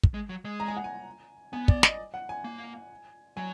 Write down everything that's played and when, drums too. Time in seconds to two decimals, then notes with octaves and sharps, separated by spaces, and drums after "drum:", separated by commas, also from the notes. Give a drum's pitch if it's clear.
0.03 drum: kick
0.14 G#3
0.29 F#3
0.45 G#3
0.60 A#5
0.68 G#5
0.77 F#5
0.84 G#5
1.53 B3 G#5
1.68 D5, drum: kick
1.83 D#5, drum: snare
2.14 F#5
2.29 G#5
2.44 A#3
3.37 F#3 G#5